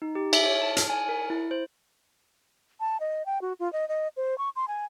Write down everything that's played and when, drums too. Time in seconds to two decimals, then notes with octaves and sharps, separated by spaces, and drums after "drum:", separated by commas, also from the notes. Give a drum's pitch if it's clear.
0.02 D#4
0.15 G4
0.33 E5, drum: cymbal
0.46 C#5
0.62 A5
0.77 F6, drum: hi-hat
0.90 G#5
1.09 A#4
1.30 E4
1.51 C5
2.80 A5
3.00 D#5
3.26 G5
3.42 F#4
3.60 F4
3.73 D#5
3.89 D#5
4.17 C5
4.38 C#6
4.56 C6
4.68 G#5